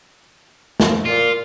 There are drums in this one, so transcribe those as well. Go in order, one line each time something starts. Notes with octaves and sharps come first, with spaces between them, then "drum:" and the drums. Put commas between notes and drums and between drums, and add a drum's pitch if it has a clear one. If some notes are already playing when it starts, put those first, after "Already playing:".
drum: snare
A#2 F4